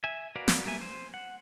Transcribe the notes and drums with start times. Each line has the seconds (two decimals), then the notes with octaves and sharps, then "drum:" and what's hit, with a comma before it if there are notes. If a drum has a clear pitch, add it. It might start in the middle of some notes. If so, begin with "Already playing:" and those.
0.04 E5 G#5
0.36 F#4 A#4 B4 D5 F5
0.48 drum: snare
0.65 G3 A#3 E5 G#5
0.81 C5
1.14 F#5